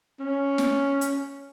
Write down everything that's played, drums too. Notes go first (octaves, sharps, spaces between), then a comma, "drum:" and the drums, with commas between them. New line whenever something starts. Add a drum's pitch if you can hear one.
C#4
drum: snare
drum: hi-hat